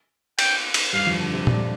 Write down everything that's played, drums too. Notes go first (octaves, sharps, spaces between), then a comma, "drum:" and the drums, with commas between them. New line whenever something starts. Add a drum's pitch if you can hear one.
G5, drum: cymbal
drum: cymbal
G2 G3 F5
F2 F3
D3
C3 C4
D3 D4, drum: tom A#2